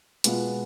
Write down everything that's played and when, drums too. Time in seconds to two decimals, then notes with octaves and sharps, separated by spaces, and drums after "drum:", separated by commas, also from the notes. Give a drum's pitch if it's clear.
0.24 B2 G#3 B3 F4, drum: hi-hat